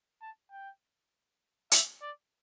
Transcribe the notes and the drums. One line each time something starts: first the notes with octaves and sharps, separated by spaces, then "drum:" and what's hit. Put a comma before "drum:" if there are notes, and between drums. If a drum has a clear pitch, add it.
A5
G5
E5, drum: hi-hat
D5